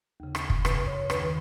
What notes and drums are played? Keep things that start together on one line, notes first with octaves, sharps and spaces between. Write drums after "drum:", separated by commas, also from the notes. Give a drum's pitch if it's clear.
D#2 C#3
drum: rim click
drum: kick
F#2 C#3 B4, drum: rim click
C#5
D#2 D#3 B4, drum: rim click